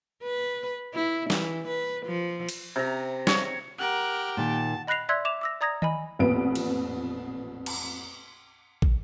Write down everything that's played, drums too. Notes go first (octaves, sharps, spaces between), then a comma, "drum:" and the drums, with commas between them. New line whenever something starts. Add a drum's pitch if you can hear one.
B4
E4
E3, drum: snare
B4
F3
drum: cymbal
C3 A#5
C#5, drum: snare
G4 A#4 F#5 F#6
A#2 D#3 A5
D#5 B5 F#6 A#6 C7 F7
D5 E5 C6 E6 F#6 G#6
E5 D6 E7 F7
D6 E6 A#6
D5 A#5 D#6 G#6 A#6
D#5 G#5 B5, drum: tom D#3
A1 F2 A#2 B3 B4 D7
drum: cymbal
drum: cymbal
drum: kick